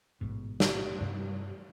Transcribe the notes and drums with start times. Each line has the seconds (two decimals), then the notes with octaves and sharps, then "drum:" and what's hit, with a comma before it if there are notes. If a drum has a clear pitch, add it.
0.21 A1 G#2 B2
0.60 drum: snare
1.01 G2 C3 G3